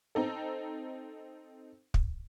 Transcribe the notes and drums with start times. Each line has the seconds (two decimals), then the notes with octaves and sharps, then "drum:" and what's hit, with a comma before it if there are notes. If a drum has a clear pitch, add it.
0.15 C4 D#4 A4
1.94 drum: kick